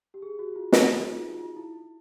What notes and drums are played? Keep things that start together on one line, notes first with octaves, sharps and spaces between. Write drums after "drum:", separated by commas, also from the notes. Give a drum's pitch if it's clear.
G4
G#4
F#4
F4
D#4, drum: snare
D#4
F4
F4
E4